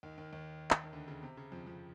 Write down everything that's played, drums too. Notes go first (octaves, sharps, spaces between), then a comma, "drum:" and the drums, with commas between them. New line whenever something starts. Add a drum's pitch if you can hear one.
D#2 D#3
D#2 D#3
D#2 D#3
drum: clap
D#3
D2 D3
C#3
C3
C#3
F2 F3
F2 F3